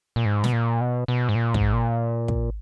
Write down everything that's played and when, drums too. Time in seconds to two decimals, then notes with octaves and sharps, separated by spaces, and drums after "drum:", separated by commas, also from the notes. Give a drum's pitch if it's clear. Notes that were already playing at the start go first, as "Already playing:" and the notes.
0.16 A#2
0.25 G#2
0.44 B2, drum: snare
0.53 A#2
0.81 B2
1.08 B2
1.29 G#2
1.35 A#2
1.54 G#2, drum: kick
1.73 A#2
2.28 drum: kick